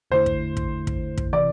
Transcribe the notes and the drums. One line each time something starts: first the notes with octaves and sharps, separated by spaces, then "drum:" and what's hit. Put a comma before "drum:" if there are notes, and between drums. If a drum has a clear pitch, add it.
E2 D3 A3 E4 C5
drum: kick
drum: kick
drum: kick
drum: kick
C3 E3 D5